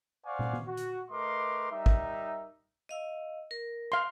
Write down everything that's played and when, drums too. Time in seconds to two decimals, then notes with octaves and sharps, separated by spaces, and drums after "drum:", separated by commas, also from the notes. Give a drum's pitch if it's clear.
0.25 C5 D5 F5 F#5 G#5 C#6
0.39 drum: tom
0.53 drum: tom
0.66 F#4
0.77 drum: hi-hat
1.11 A3 A#4 B4 D#5 C6 D6
1.71 G3 D#4 A#4 E5
1.86 drum: kick
2.89 D#5 F5 E6
3.51 A#4
3.92 F5 C6